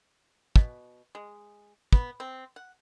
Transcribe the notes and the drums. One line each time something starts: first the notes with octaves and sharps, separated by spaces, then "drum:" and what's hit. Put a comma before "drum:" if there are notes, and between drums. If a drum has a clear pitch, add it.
B2, drum: kick
G#3
B3, drum: kick
C4
F#5